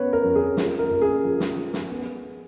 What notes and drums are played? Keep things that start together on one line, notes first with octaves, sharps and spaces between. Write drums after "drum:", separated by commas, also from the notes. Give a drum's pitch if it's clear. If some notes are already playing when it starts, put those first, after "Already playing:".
Already playing: B3 B4 C#5
A#4
F2
G#4
F3, drum: snare
A#4
A#1
G#4
F3
drum: snare
F3
drum: snare
B3